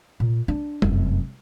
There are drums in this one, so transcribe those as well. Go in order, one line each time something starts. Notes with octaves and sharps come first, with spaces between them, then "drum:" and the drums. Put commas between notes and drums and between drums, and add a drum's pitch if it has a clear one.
A#2
D4
F1 F#2, drum: tom G3